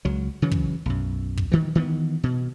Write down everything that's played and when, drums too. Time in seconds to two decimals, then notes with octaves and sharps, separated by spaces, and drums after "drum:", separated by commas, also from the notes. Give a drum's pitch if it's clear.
0.05 C#2 F#3
0.42 C#3 E3 F#3
0.51 drum: kick
0.86 B1 F#2
1.37 drum: kick
1.52 D#3 E3
1.75 D#3 E3 A#3 B3
2.23 B2